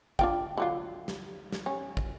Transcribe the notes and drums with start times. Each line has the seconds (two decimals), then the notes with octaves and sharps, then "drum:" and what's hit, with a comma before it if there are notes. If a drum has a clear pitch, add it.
0.19 D4 F4 G5, drum: kick
0.57 D3 F#3 F4
1.08 drum: snare
1.52 drum: snare
1.66 C#4
1.97 drum: kick